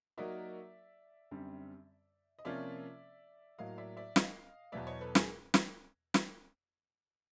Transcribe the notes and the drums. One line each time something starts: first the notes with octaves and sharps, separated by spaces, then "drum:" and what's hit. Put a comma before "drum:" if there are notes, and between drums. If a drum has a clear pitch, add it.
F#3 A#3 D#4 F#4 A#4 D5 E5
F#2 D3 G3 C4
D#5
C3 F3 A#3 C#4 F4 D5 E5
A2 F#3 A#3 D#5 F5
D5 E5
D5 E5
D#5 F5, drum: snare
E2 B2 F#3 B3 D5 E5
C#5 D#5
A4 B4
G#4 A#4, drum: snare
drum: snare
drum: snare